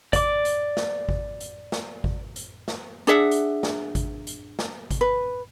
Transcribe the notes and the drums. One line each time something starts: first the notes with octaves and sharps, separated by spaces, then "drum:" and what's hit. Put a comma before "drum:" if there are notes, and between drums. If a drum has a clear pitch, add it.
D5 D6, drum: kick G#1, hi-hat
drum: hi-hat
drum: snare
drum: kick G#1
drum: hi-hat
drum: snare
drum: kick G#1
drum: hi-hat
drum: snare
D4 G#4 E5 F#5
drum: hi-hat
drum: snare
drum: kick G#1, hi-hat
drum: hi-hat
drum: snare
drum: kick G#1, hi-hat
B4